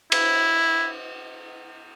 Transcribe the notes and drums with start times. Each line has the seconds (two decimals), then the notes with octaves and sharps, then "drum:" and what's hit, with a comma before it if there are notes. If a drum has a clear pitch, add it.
0.12 E4, drum: cymbal